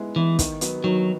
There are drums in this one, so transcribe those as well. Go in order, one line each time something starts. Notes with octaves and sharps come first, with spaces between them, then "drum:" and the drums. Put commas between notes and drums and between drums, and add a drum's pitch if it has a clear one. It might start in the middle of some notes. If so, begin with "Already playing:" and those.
Already playing: G#3 B3 E4
E3 B3 E4
D#3, drum: kick, hi-hat
F#3 B3, drum: hi-hat
D#3 F#3